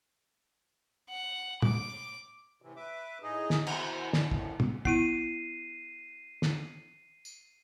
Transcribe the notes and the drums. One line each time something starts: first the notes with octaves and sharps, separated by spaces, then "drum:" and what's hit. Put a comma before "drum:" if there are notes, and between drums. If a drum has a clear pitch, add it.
F#5
D6, drum: tom
A2 C3 E3
B4 E5 D6
A2 D#4 G#4 D#5
drum: snare
B2 D#3 E4 C5 F#5, drum: cymbal
B3 D4 D5, drum: snare
F#2 A2 D3 D#3 F3, drum: kick
drum: tom
B3 E4 C7 D#7, drum: kick
drum: snare
drum: tambourine